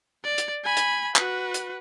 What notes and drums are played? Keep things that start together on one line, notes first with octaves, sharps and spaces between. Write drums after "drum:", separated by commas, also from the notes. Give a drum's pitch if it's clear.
D5
drum: hi-hat
G#5 B5
drum: hi-hat
F#4 B4, drum: clap
drum: hi-hat